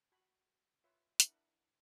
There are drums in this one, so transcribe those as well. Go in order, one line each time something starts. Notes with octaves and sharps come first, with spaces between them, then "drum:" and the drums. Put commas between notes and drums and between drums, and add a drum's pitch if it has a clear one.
F#4 B5
F4 B4 C#5 E5
D4 E4 A#4 E5 F#5 B5, drum: hi-hat